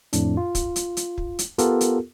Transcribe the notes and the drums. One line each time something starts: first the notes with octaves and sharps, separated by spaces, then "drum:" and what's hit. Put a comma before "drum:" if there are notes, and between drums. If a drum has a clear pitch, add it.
F2 A2 D4, drum: hi-hat
F4
drum: kick, hi-hat
drum: hi-hat
drum: hi-hat
drum: kick
drum: hi-hat
B3 F4 G4 A4 A#4, drum: hi-hat
drum: hi-hat